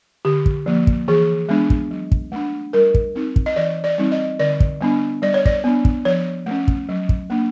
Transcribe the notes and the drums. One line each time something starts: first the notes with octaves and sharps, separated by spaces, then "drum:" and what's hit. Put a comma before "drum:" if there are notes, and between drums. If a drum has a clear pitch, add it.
D3 G4
drum: kick
F3 A#3
drum: kick
E3 G#4
G#3 B3 D4
drum: kick
F#3
drum: kick
A3 D4
G3 A#4
drum: kick
C4 D#4
drum: kick
D#5
E3 D5
D5
G3 C4 D#4
D#5
D3 D5
drum: kick
G3 B3 D4
G3 D5
C#5
D5, drum: kick
B3 D4
drum: kick
F3 C#5
A3 C#4
drum: kick
F#3
drum: kick
A#3 D4